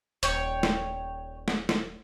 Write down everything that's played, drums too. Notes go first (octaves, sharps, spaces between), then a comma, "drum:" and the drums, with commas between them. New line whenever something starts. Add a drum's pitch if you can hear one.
D#1 C#5 G5, drum: hi-hat
drum: snare
drum: snare
drum: snare